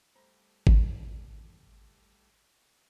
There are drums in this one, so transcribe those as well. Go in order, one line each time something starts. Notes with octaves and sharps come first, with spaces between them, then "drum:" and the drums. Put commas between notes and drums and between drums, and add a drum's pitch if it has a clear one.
G3 A3 C5 A#5 B5
D4 D#4 A#4 B4 F5 G#5, drum: kick G#1